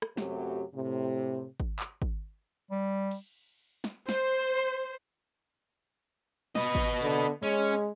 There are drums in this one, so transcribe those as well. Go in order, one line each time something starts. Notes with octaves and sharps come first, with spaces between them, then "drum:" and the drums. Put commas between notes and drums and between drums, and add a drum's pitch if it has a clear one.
drum: rim click
F#2 C3 F#3 A3 G4, drum: snare
A2 C3
drum: kick
drum: clap
drum: kick
G3
drum: cymbal
drum: snare
C5, drum: snare
B3 D#5, drum: snare
drum: kick
D3, drum: hi-hat
G#3 C#4